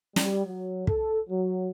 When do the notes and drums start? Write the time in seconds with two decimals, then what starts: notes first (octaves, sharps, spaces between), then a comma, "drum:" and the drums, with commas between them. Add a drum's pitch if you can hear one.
0.16 G3, drum: snare
0.45 F#3
0.87 A4, drum: kick
1.29 F#3